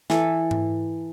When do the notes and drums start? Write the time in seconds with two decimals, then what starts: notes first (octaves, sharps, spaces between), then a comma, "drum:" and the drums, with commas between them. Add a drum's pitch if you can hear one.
0.10 E3 A4, drum: snare
0.51 drum: tom G#2